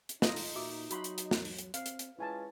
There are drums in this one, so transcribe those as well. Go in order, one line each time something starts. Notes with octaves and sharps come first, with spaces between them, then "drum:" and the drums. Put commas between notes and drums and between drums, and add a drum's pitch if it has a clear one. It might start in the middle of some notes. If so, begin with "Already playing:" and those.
drum: hi-hat
D#4 F4 A4 D#5, drum: snare
drum: open hi-hat
A#2 F#4 E5 D6
F#3 F#4 B5 C6, drum: hi-hat
drum: hi-hat
drum: hi-hat
drum: snare
drum: open hi-hat
drum: hi-hat
C4 F5, drum: hi-hat
drum: hi-hat
drum: hi-hat
G#3 C#4 E4 F4 B4 G#5 A5